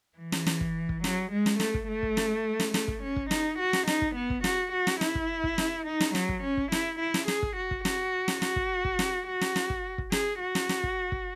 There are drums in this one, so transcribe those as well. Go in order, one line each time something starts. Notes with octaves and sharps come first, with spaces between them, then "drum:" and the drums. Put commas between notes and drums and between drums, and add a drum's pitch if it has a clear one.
E3
drum: snare
drum: snare
drum: kick
drum: kick
F#3, drum: snare
G#3
drum: snare
A3, drum: snare
drum: kick
A3
drum: kick
drum: snare
drum: snare
A3, drum: snare
drum: kick
C#4
drum: kick
D#4, drum: snare
F#4
drum: snare
D#4, drum: snare
drum: kick
B3
drum: kick
F#4, drum: snare
F#4
drum: snare
E4, drum: snare
drum: kick
drum: kick
drum: snare
D#4
drum: snare
F#3, drum: snare
drum: kick
C#4
drum: kick
E4, drum: snare
E4
drum: snare
G#4, drum: snare
drum: kick
F#4
drum: kick
F#4, drum: snare
drum: snare
F#4, drum: snare
drum: kick
drum: kick
drum: snare
F#4
drum: snare
drum: snare
drum: kick
drum: kick
G#4, drum: snare
F#4
drum: snare
drum: snare
drum: kick
drum: kick